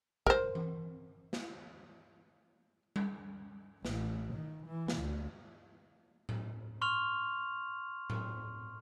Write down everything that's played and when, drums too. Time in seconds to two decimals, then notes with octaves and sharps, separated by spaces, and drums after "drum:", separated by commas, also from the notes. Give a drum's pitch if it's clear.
0.26 A#4 C5, drum: kick
0.55 drum: tom E3
1.33 drum: snare
2.96 drum: tom G3
3.85 A1, drum: snare
4.35 D#3
4.67 E3
4.88 drum: snare
4.98 D2
6.29 drum: tom A2
6.82 C6 C#6 F6 F7
8.10 drum: tom A2